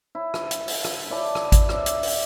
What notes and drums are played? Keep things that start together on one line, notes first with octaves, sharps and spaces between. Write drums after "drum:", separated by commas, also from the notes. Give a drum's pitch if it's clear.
E4
drum: rim click
drum: hi-hat
drum: open hi-hat
drum: rim click
E4 D5 A5
drum: rim click
drum: kick G#1, hi-hat
D5 E5, drum: rim click
drum: hi-hat
drum: open hi-hat